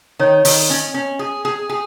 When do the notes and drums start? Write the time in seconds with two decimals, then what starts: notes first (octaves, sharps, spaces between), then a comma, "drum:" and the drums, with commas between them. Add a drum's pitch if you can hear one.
0.19 D#3 C#5
0.45 D#3, drum: open hi-hat
0.70 C#4 D#5
0.94 C#4
1.19 G#4
1.45 G#4
1.69 G#4